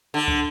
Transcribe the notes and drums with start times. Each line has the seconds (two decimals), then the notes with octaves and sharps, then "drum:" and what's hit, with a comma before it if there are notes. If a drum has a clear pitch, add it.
0.14 D3
0.28 drum: kick